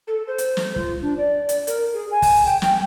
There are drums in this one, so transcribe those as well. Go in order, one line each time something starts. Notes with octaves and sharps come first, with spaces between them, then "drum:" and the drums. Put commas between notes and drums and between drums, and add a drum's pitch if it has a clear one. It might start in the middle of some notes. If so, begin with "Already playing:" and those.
A4
C5
drum: hi-hat
drum: snare
F4, drum: kick
D4
D5
drum: hi-hat
A#4, drum: hi-hat
G#4
G#5
drum: kick, open hi-hat
G5
G5, drum: snare